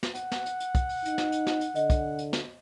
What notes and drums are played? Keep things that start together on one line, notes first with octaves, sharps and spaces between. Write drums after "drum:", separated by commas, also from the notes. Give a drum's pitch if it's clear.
drum: snare
F#5, drum: hi-hat
drum: snare
drum: hi-hat
drum: hi-hat
drum: kick, hi-hat
drum: open hi-hat
D#4, drum: hi-hat
drum: snare
drum: hi-hat
drum: snare
drum: hi-hat
D3 D#5, drum: hi-hat
drum: kick, hi-hat
drum: hi-hat
drum: snare